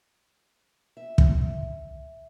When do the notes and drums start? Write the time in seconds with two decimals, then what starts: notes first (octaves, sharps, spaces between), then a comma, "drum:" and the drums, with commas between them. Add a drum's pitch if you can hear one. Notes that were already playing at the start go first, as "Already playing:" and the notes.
0.97 E5
1.18 drum: kick